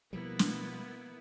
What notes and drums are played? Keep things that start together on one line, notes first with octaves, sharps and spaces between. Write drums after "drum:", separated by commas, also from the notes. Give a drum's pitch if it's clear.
B2 F3 G3 A#3 B3 E4
drum: snare